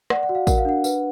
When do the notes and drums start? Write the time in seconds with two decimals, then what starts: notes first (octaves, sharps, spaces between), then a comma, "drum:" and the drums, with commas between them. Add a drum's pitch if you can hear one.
0.10 D5 F#5, drum: rim click
0.23 F#5
0.29 F#4
0.35 F5
0.47 A#4 F#5, drum: kick A1, tambourine
0.58 F5
0.65 D4 F#5
0.84 B4, drum: tambourine